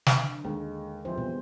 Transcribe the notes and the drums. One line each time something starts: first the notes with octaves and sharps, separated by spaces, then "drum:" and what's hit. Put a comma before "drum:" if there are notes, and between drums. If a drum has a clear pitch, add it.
drum: snare
D3
D#2 G#3
F2 E3 G3 C5
B2